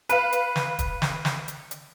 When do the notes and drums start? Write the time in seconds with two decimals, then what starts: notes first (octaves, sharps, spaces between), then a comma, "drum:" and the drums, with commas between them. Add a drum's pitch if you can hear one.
0.09 B4 F5, drum: hi-hat
0.32 drum: hi-hat
0.56 drum: snare
0.79 drum: kick, hi-hat
1.02 drum: snare
1.25 drum: snare
1.48 drum: hi-hat
1.71 drum: hi-hat